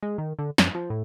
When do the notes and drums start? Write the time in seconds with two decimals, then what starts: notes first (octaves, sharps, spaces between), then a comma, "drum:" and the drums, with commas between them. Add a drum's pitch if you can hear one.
0.03 G#3
0.18 D#3
0.39 D3
0.58 F#2, drum: snare
0.75 F3
0.90 A2